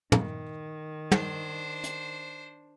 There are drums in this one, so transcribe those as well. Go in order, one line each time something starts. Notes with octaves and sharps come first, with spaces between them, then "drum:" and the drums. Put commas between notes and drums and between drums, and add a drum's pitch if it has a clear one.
D#3, drum: tom
D4 C5, drum: tom
drum: hi-hat